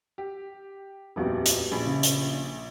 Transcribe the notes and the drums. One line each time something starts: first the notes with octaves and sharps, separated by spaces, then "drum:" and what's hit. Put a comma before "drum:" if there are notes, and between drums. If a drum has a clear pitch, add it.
G4
D#1 A#1 F2 B3 F#4 G4
drum: hi-hat
A#1 G#4 B5
C#3
drum: hi-hat